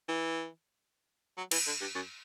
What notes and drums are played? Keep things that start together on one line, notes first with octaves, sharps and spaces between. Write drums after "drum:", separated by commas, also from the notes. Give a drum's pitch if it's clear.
E3
F#3
E3, drum: cymbal
D3
G2
F#2